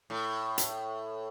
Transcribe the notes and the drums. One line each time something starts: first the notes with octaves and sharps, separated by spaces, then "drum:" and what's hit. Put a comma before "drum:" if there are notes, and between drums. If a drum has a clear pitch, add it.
A2
drum: hi-hat